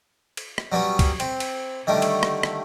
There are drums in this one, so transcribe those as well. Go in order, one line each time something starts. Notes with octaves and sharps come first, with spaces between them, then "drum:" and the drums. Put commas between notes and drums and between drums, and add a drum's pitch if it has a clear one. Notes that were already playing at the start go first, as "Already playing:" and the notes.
drum: cymbal
drum: rim click
F#3 G3 B3 C#4
drum: kick C2, cymbal
C4, drum: cymbal
drum: cymbal
D3 D#3 G3 A3
drum: cymbal
drum: rim click
drum: rim click